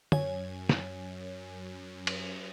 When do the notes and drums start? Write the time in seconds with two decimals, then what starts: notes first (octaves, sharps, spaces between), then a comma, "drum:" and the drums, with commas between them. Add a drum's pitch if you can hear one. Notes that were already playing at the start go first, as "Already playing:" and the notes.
0.12 F#2 C#5 G#5, drum: tom
0.69 drum: snare
2.07 drum: cymbal